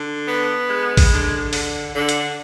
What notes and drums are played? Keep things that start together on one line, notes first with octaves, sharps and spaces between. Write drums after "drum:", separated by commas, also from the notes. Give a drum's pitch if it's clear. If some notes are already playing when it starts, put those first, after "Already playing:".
Already playing: D3
B3
G#3
drum: kick, open hi-hat
D3
D3, drum: open hi-hat
D3
drum: hi-hat